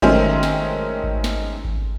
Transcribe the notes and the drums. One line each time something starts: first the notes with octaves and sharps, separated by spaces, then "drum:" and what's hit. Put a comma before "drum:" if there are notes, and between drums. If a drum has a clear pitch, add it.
D#3 F#3 G#3 A3 C4 C#4, drum: kick G#1
drum: snare
drum: kick G#1
drum: snare
drum: kick G#1